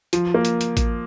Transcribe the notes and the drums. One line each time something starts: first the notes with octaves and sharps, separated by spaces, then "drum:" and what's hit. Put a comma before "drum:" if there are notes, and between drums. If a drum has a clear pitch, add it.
F3, drum: hi-hat
A#3
drum: hi-hat
drum: hi-hat
drum: kick A1, hi-hat